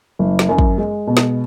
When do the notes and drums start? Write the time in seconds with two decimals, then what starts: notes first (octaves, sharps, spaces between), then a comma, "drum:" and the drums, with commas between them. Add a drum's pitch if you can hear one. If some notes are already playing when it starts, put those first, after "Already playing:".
0.19 F#1
0.39 drum: snare
0.49 F#2
0.58 drum: kick
0.78 G#3
1.07 B2
1.17 drum: snare